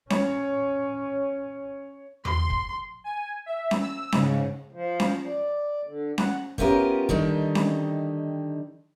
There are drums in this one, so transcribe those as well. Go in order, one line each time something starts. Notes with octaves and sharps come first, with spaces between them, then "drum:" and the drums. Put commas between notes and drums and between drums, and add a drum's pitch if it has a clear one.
C#4 C#5, drum: snare C#4
C6, drum: tom E2
drum: kick
G#5
E5
drum: snare C#4
E6
G#2 C#3, drum: snare C#4
F3
drum: snare C#4
D5
D3
F#5, drum: snare C#4
A3 B3 C#4 F4 G4 A#4, drum: kick
D3 D#3 G3 D#4, drum: kick
drum: snare C#4